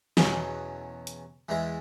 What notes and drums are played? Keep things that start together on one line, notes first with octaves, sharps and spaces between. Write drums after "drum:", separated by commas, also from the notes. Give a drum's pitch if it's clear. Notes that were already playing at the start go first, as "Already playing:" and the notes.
E2 B2 F#3 C#4 G#4, drum: snare
drum: hi-hat
E2 E3 G#3 E4